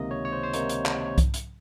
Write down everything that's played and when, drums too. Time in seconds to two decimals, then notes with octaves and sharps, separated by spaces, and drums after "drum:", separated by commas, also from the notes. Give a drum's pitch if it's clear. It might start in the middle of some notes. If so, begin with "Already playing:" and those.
Already playing: C#2 C3 D#3 A#3 D#4 D#5
0.11 C#5
0.25 C#5
0.32 C5
0.43 C5
0.53 C#2 C3 D#3 A#3 D#4 C#5, drum: hi-hat
0.69 drum: hi-hat
0.86 drum: clap
1.06 C#5
1.18 drum: kick C2, hi-hat
1.34 drum: hi-hat